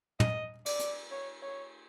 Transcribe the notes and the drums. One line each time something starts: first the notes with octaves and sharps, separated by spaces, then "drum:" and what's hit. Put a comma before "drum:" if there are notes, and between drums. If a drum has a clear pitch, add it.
D#5, drum: tom
D5, drum: cymbal
drum: hi-hat
C#5
C#5